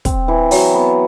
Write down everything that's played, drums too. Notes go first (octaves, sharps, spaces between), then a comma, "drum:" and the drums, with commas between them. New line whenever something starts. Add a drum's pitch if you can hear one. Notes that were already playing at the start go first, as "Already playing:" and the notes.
C4, drum: kick, hi-hat
E3
F#3, drum: open hi-hat
B3